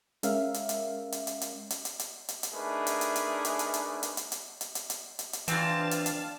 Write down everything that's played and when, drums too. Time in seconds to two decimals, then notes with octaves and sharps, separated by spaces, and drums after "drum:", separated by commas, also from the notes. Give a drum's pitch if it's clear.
0.23 G#3 C#4 A#4 E5 F5, drum: hi-hat
0.54 drum: hi-hat
0.69 drum: hi-hat
1.12 drum: hi-hat
1.27 drum: hi-hat
1.41 drum: hi-hat
1.70 drum: hi-hat
1.85 drum: hi-hat
2.00 drum: hi-hat
2.29 drum: hi-hat
2.43 drum: hi-hat
2.53 A3 D4 D#4 G#4 A#4 B4
2.87 drum: hi-hat
3.01 drum: hi-hat
3.16 drum: hi-hat
3.45 drum: hi-hat
3.59 drum: hi-hat
3.74 drum: hi-hat
4.03 drum: hi-hat
4.17 drum: hi-hat
4.32 drum: hi-hat
4.61 drum: hi-hat
4.75 drum: hi-hat
4.90 drum: hi-hat
5.19 drum: hi-hat
5.33 drum: hi-hat
5.48 E3 C4 D4 F4 F5 A5, drum: hi-hat
5.91 drum: hi-hat
6.06 drum: hi-hat